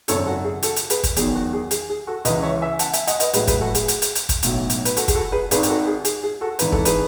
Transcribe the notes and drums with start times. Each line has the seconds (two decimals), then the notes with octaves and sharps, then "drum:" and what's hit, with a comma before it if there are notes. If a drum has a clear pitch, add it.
0.08 G#1 F#2 C#3 A4 C#5, drum: hi-hat
0.26 F#4 A4
0.44 G#4
0.62 F#4 A4, drum: hi-hat
0.76 drum: hi-hat
0.90 G#4 B4, drum: hi-hat
1.03 drum: kick, hi-hat
1.16 E2 D#3 F#3 G#4, drum: hi-hat
1.35 F#4
1.53 G#4
1.71 G#4, drum: hi-hat
1.90 G#4
2.07 F#4 A4
2.25 C#2 C#3 E3 B4 D#5, drum: hi-hat
2.43 C#5 E5
2.62 E5 G#5
2.79 F#5 A5, drum: hi-hat
2.93 E5 G#5, drum: hi-hat
3.07 D#5 F#5, drum: hi-hat
3.20 B4 D#5, drum: hi-hat
3.33 A1 A2 F#3 G#4 B4, drum: hi-hat
3.47 G#4 B4, drum: kick, hi-hat
3.60 F#4 A4
3.75 G#4, drum: hi-hat
3.88 drum: hi-hat
4.02 drum: hi-hat
4.15 drum: hi-hat
4.29 drum: kick, hi-hat
4.43 B1 A2 F#3, drum: hi-hat
4.70 drum: hi-hat
4.85 B4, drum: hi-hat
4.97 F#4 A4, drum: hi-hat
5.08 G#4, drum: kick, hi-hat
5.14 F#4 A4
5.32 G#4 B4
5.51 G#1 G#2 D#3 G#4 B4, drum: hi-hat
5.63 G#4, drum: hi-hat
5.69 F#4 A4
5.87 G#4
6.05 G#4, drum: hi-hat
6.23 G#4
6.41 F#4 A4
6.59 G#1 G#2 E3 B4, drum: hi-hat
6.72 A4, drum: kick
6.85 G#4 B4, drum: hi-hat